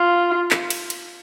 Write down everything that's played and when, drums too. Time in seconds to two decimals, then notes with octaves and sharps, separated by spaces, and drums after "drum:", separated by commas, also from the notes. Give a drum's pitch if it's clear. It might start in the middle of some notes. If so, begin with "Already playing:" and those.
Already playing: F4
0.51 drum: clap
0.70 drum: cymbal
0.90 drum: cymbal